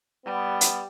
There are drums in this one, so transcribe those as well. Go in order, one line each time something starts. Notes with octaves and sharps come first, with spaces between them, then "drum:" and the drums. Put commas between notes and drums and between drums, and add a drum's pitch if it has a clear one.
G3 B3
drum: hi-hat